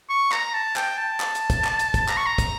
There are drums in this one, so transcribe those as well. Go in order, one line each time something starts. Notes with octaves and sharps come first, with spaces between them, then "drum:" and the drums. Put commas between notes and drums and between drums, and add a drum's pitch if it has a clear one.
C#6
A#5, drum: clap
A5
G5, drum: clap
A5
drum: clap
drum: hi-hat
drum: kick, hi-hat
drum: clap
drum: hi-hat
drum: kick, hi-hat
A#5, drum: clap
C#6
A#5
drum: kick, hi-hat